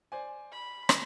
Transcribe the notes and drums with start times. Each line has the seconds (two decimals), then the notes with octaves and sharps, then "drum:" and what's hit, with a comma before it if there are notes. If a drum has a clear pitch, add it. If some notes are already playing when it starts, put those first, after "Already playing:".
0.12 C5 D5 G#5
0.52 B5
0.89 drum: rim click